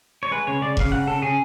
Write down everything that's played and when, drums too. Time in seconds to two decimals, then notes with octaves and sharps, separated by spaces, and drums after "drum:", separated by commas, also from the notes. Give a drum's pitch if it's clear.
0.23 C#5
0.31 G#3 B4
0.47 C#3 C#5
0.62 C#3 D5
0.77 C#3 F5, drum: kick E1
0.92 C#3 F#5
1.07 C#3 A4
1.22 C#3 G#4